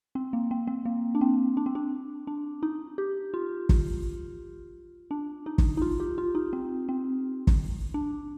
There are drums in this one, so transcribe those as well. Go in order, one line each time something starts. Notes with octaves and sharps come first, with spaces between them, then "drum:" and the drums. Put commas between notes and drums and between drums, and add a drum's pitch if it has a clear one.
C4
A#3
C4
C4
A#3
D4
C4
D4
C4
D4
D4
D#4
G4
F4
drum: kick
D4
D#4
drum: kick
D#4
F4
G4
F4
D#4
C4
C4
drum: kick
D4